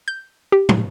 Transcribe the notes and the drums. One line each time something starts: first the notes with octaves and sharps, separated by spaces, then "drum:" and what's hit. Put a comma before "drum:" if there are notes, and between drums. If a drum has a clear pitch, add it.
G6
G4
drum: tom